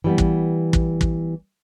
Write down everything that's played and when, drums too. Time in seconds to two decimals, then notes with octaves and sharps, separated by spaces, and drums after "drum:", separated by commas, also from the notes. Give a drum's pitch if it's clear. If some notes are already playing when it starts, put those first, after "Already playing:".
0.04 E3 G3 B3
0.18 drum: kick
0.73 drum: kick
1.01 drum: kick